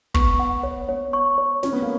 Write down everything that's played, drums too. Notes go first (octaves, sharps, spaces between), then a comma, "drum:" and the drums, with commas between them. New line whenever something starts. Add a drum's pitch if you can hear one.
B3 C#6, drum: kick
F#5
C#5
B3 C#5
C#6
C#5
C#4 C#5, drum: snare
B3
A#3